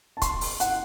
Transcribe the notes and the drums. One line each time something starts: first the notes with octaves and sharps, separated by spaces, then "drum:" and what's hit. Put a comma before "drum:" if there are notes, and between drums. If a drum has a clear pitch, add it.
A5
C6, drum: kick, hi-hat
drum: open hi-hat
F#5, drum: hi-hat